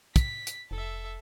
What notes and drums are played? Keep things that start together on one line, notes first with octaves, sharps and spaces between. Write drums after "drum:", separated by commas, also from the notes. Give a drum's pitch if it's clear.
B6, drum: kick, hi-hat
drum: hi-hat
F1 A4 E5